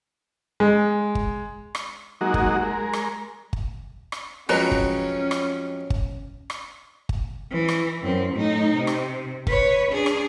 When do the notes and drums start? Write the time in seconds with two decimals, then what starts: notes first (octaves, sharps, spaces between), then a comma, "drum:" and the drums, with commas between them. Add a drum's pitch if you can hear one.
0.60 G#3
1.15 drum: kick G1
1.75 drum: rim click
2.21 F#3 G#3 A#3 D#4 F#4
2.34 drum: kick G1
2.63 G#3 A#4
2.93 drum: rim click
3.53 drum: kick G1
4.12 drum: rim click
4.49 F2 F#3 G#3 C#4 F#4 B4 A#5
4.72 drum: kick G1
5.31 drum: rim click
5.90 drum: kick G1
6.50 drum: rim click
7.09 drum: kick G1
7.51 E3
7.68 drum: rim click
8.02 F#2 C4
8.34 A2 D#4
8.76 C3
8.87 drum: rim click
9.47 B4 C#5, drum: kick G1
9.92 D4 G#4
10.06 drum: rim click